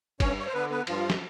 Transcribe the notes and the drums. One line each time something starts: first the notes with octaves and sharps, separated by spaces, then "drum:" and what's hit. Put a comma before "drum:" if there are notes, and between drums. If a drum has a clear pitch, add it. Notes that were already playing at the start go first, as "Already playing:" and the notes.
G2 C#4 C#5, drum: kick, cymbal
C#5
C5
D3 B3 B4
B3 B4
G2 F3 F4, drum: cymbal
drum: snare